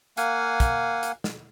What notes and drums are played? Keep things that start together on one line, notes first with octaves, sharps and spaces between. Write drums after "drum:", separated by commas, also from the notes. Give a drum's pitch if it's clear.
A#3 F5 F#5 G#5, drum: hi-hat
drum: kick, hi-hat
drum: hi-hat
drum: snare